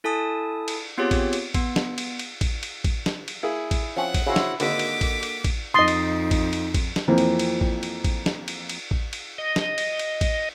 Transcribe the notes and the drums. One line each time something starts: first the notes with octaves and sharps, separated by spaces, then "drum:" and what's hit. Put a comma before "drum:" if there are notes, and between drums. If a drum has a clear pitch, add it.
E4 A4 G#5 A5 D#6
drum: cymbal
B3 C4 F4 G4 G#4 C#5
drum: kick A1, cymbal
drum: cymbal
B3, drum: kick A1, cymbal
drum: snare
drum: cymbal
drum: cymbal
drum: kick A1, cymbal
drum: cymbal
drum: kick A1, cymbal
drum: snare
drum: cymbal
A#3 E4 G#4
drum: kick A1, cymbal
F3 C4 C#4 F#5
drum: kick A1, cymbal
C#3 E4 F#4 C5
drum: snare
G#1 D3 A#3 F#4 D#5 A5 D6 B6, drum: cymbal
drum: cymbal
drum: kick A1, cymbal
drum: cymbal
drum: kick A1, cymbal
F2 D#4 D#5 C6 D#6 A6 C7
drum: cymbal
drum: kick A1, cymbal
drum: cymbal
drum: kick A1, cymbal
drum: snare
F2 E3 F3 A#3 C4
drum: cymbal
drum: cymbal
drum: kick A1
drum: cymbal
drum: kick A1, cymbal
drum: snare
drum: cymbal
drum: cymbal
drum: kick A1
drum: cymbal
D#5
drum: snare
drum: cymbal
drum: cymbal
drum: kick A1, cymbal